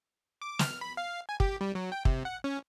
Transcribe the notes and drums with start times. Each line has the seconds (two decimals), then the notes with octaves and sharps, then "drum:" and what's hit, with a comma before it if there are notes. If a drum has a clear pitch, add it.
0.42 D6
0.59 F6, drum: snare
0.81 B5
0.97 F5
1.29 G#5
1.40 G4, drum: kick
1.61 G3
1.75 F#3
1.92 G5
2.05 C3, drum: kick
2.25 F#5
2.44 C#4